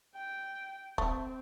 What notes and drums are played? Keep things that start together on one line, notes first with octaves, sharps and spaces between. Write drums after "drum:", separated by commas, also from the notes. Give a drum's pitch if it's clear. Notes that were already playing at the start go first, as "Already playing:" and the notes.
G5
A3 C4, drum: kick